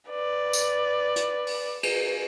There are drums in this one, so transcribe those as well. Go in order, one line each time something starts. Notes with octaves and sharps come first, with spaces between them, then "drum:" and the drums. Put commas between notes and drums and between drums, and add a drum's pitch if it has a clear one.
B4 D5
drum: tambourine
drum: hi-hat
drum: open hi-hat
drum: cymbal